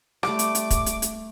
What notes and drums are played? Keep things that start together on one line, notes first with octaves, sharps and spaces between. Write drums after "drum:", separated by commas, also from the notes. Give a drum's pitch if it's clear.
G3 A3 D6, drum: rim click
drum: hi-hat
drum: hi-hat
drum: kick, hi-hat
drum: hi-hat
drum: hi-hat